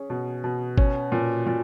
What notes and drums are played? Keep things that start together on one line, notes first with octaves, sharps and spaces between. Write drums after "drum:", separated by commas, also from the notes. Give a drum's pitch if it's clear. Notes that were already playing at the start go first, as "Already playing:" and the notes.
Already playing: C#4 G#4
B2
B2
C#4, drum: kick G#1
A#2
A#2